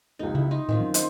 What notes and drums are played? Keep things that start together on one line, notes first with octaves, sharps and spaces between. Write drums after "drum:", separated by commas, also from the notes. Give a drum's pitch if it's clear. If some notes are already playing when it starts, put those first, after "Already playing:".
F1 C#2 D#4
C#3 E4
D#4 C6
A2 D#3 C4 F4
F#3 C#4
C5 D#5 C6, drum: hi-hat